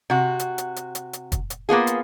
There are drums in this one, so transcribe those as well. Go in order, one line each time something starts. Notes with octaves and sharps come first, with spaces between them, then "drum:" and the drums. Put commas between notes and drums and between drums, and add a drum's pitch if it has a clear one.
C3 F#4
drum: hi-hat
drum: hi-hat
drum: hi-hat
drum: hi-hat
drum: hi-hat
drum: kick, hi-hat
drum: hi-hat
A#3 B3 F4 G#4
drum: hi-hat